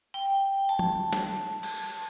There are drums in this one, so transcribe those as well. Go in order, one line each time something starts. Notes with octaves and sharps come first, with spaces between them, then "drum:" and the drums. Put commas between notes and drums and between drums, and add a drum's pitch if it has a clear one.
G5
A5
drum: tom
drum: snare
drum: cymbal